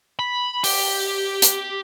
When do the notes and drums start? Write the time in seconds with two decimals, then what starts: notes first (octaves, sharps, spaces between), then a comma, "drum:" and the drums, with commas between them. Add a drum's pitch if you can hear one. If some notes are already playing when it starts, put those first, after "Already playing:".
0.19 B5
0.64 G4, drum: open hi-hat
1.42 drum: hi-hat